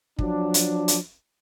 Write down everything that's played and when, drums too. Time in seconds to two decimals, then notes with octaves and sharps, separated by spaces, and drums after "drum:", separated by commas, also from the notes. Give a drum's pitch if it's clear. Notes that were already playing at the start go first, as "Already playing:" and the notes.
0.19 F3 F#3 D4, drum: kick
0.54 drum: hi-hat
0.88 drum: hi-hat